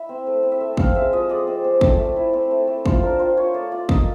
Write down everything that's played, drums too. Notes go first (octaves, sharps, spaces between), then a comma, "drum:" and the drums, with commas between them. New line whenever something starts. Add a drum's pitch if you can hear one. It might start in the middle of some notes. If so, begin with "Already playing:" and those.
Already playing: E4 E5
C4
A3
C4
E5
A3
C4 F5, drum: kick
G#3 E5
F3 D#5
G#3 D5
C4
C4
A3, drum: kick
A3
E4
C4
A3
A3
F4 C5, drum: kick
D4 A#4
F4 C5
F4 C#5
A3 D5
F4 D5
A#3 D#5, drum: kick